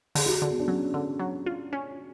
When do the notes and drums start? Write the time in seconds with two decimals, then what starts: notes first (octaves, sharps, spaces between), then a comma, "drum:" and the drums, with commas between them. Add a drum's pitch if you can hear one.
0.15 D3 G#4, drum: open hi-hat
0.26 F#4
0.33 G#4
0.42 D3
0.51 B3
0.60 D4
0.68 F#3 C#4
0.94 D3
1.19 F#3
1.46 F4
1.73 C#4